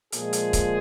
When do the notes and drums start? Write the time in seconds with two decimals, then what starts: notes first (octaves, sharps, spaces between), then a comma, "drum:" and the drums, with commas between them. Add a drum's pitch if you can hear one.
0.12 A#2 F3 G#3 G#4, drum: hi-hat
0.33 drum: hi-hat
0.53 drum: kick C#1, hi-hat